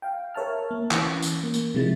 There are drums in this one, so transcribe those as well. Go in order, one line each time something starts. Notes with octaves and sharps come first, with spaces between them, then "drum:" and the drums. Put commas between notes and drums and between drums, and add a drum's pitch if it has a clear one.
F5 G5
A#4 C#5 E5 A5 F6
A#3
E3 C#4, drum: clap
drum: tambourine
A#3
drum: tambourine
C3 F3 G#3 E4 A6